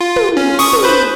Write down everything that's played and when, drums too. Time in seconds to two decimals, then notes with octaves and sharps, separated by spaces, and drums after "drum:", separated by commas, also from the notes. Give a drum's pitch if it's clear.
0.01 F4
0.16 drum: tom
0.37 C#4
0.59 C#6 D#6, drum: open hi-hat
0.73 drum: tom
0.83 B4 C5 B5